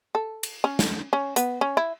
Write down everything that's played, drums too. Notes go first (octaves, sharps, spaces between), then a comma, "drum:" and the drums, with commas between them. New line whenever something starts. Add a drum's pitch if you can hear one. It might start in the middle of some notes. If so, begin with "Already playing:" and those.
A4
drum: cymbal
C#4
drum: snare
C#4
B3, drum: hi-hat
C#4
E4